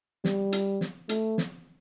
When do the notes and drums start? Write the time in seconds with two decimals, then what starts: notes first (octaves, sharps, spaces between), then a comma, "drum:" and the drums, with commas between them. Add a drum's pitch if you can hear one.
0.25 G3, drum: snare
0.52 drum: hi-hat
0.81 drum: snare
1.09 A3, drum: hi-hat
1.38 drum: snare